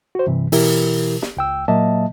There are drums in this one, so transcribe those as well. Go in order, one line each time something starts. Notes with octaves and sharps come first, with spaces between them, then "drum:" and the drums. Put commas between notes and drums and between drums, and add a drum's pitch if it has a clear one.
F#4 C5
G2 C3 E3
B2 E3 E4 G4 A#4, drum: open hi-hat
drum: snare
C#2 G5 E6
A#2 F#3 A#3 D#5 E5 A5